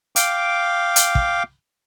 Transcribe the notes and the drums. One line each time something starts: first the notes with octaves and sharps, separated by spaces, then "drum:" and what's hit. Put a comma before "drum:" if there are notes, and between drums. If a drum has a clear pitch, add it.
F5 G5 D6, drum: hi-hat
drum: hi-hat
drum: kick